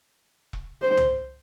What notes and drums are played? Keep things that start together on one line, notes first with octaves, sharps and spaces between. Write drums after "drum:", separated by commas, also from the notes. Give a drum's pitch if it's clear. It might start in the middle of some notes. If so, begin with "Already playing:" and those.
drum: kick E1
C5
drum: tom